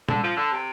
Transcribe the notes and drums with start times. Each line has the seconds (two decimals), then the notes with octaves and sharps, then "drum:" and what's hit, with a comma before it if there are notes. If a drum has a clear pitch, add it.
0.09 D3, drum: tom A#2
0.23 F3
0.37 D3
0.52 C3